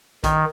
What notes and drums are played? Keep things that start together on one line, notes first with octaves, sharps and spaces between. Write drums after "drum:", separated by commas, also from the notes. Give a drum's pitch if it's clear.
D#3, drum: kick A#1, hi-hat